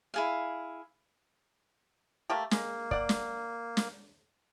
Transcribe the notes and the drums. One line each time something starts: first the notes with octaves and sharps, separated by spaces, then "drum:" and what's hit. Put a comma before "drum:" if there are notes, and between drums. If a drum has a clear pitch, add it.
E4 G#4 F5
A3 A#3 G4
G#3 A#3, drum: snare
D5 F#5, drum: kick
drum: snare
drum: snare